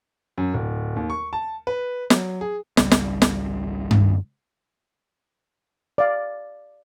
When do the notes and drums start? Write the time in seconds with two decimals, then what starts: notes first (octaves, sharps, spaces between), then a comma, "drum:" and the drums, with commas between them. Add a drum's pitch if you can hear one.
0.38 F#2
0.54 D1
0.96 D#2
1.10 C#6
1.33 A5
1.67 B4
2.10 F#3, drum: snare
2.41 G#4
2.77 G#1 C#2 G3, drum: snare
2.91 drum: snare
3.22 drum: snare
3.91 drum: tom G2
5.98 D5 F5